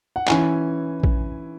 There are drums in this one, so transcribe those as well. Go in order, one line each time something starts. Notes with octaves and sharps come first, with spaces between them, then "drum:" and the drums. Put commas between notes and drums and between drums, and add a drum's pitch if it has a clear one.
F#5
E3 C#4 E4 G#5, drum: clap
drum: kick A#1